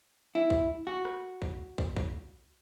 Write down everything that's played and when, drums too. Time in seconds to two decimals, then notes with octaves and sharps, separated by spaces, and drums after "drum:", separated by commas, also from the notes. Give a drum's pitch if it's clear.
0.35 E4
0.50 drum: kick
0.87 F#4
1.05 drum: rim click
1.42 drum: kick
1.78 drum: kick
1.96 drum: kick